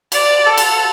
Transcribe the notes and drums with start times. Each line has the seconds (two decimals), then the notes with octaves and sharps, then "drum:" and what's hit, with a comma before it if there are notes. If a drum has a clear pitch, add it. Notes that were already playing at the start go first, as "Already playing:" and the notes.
0.12 D5, drum: cymbal
0.46 A4
0.57 drum: cymbal